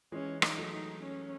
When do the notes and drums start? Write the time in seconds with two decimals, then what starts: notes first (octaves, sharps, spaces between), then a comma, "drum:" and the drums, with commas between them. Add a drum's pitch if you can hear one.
0.12 E3 G#3 C#4
0.42 D#4, drum: rim click
0.58 F#3 A3
0.73 D#4
1.03 C#4